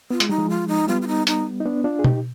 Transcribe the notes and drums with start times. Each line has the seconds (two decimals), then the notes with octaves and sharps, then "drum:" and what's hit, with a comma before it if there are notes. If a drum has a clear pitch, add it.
0.10 B3 F4
0.20 G#3, drum: hi-hat
0.29 G3 D#4
0.38 F3 G#3
0.50 F4
0.68 D#4
0.88 G3 B3 F4
1.02 F4
1.08 D#4
1.27 D#4, drum: hi-hat
1.60 D#4
1.65 B3 D4
1.84 D4 F4
1.99 G#4
2.04 D#4 G4, drum: tom